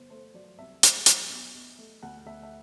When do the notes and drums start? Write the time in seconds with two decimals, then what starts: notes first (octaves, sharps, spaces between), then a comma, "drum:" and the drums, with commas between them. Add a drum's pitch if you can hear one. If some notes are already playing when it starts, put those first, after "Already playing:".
Already playing: G1 C5
0.10 A3 C5
0.34 F#3 D5
0.58 C2 E5
0.83 A3, drum: hi-hat
1.06 F#3, drum: hi-hat
1.30 B1
1.55 B1
1.79 A3
2.03 D2 F#5
2.26 D2 E5
2.43 E5